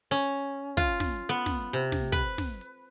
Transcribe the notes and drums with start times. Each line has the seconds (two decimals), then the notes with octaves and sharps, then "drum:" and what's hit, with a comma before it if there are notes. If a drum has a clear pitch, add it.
0.11 C#4
0.77 F4, drum: kick, hi-hat
1.00 drum: snare
1.29 B3
1.46 drum: snare
1.73 C3
1.92 drum: snare
2.12 B4, drum: kick, hi-hat
2.38 drum: snare
2.61 drum: hi-hat